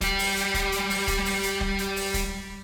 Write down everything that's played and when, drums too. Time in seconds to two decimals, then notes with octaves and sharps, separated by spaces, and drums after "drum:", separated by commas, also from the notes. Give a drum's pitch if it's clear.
0.01 G3 G4, drum: kick, hi-hat
0.19 drum: open hi-hat
0.37 drum: hi-hat
0.54 drum: kick, hi-hat
0.72 drum: hi-hat
0.90 drum: open hi-hat
1.08 drum: kick, hi-hat
1.25 drum: open hi-hat
1.43 drum: hi-hat
1.61 drum: kick
1.78 drum: hi-hat
1.96 drum: open hi-hat
2.14 drum: kick, hi-hat